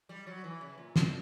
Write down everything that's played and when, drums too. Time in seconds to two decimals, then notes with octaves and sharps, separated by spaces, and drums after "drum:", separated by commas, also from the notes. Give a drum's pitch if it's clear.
0.09 G3
0.27 F#3
0.44 E3
0.61 C#3
0.78 A#2
0.96 G2, drum: snare